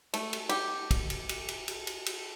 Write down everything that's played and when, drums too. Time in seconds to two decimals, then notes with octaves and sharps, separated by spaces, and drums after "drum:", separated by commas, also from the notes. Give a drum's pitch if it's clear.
0.14 A3, drum: cymbal
0.33 drum: cymbal
0.49 G4, drum: cymbal
0.91 drum: kick, cymbal
1.10 drum: cymbal
1.29 drum: cymbal
1.49 drum: cymbal
1.68 drum: cymbal
1.87 drum: cymbal
2.06 drum: cymbal